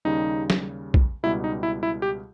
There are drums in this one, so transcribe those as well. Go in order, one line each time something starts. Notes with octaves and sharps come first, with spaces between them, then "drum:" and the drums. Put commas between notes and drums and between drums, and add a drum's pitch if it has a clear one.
D#2 C#3 G3 D#4
drum: snare F#3
drum: kick
C#2 B2 G3 E4
D#4
E4
E4
G4